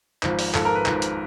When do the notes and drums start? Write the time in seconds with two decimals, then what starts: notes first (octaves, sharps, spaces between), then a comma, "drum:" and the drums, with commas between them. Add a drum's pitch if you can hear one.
0.23 G#1 G#2 F3, drum: clap
0.39 drum: open hi-hat
0.54 G#1 G#2 F3 A4, drum: clap
0.65 A#4
0.75 B4
0.86 G#1 G#2 F3, drum: clap
1.02 drum: hi-hat